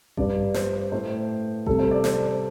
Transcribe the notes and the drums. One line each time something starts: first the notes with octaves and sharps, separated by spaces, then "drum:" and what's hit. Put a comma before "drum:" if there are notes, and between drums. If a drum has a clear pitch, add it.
G2 G3 D5, drum: kick A1
C5, drum: snare
A2 A3 C5
C3 G3 A4, drum: kick A1
C5
D5
C5, drum: snare